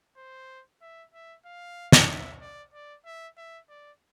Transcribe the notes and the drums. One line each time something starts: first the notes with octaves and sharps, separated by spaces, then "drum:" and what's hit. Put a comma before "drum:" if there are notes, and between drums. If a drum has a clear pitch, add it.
C5
E5
E5
F5
drum: snare
E5
D5
D5
E5
E5
D5